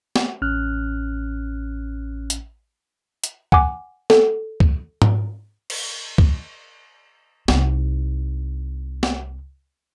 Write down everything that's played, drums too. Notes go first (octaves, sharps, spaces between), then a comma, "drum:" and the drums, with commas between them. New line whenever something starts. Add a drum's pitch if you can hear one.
drum: snare
A1 C#4 F6 F#6
drum: hi-hat
drum: hi-hat
F#5 G#5 D6, drum: kick C#2
A4, drum: snare
drum: kick C#2
drum: tom G#2
drum: cymbal
drum: kick C#2
C2 D#4, drum: snare
drum: snare